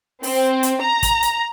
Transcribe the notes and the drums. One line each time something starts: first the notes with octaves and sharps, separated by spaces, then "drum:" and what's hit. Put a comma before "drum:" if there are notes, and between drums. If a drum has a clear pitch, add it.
C4, drum: open hi-hat
drum: hi-hat
A#5
drum: kick, hi-hat
drum: hi-hat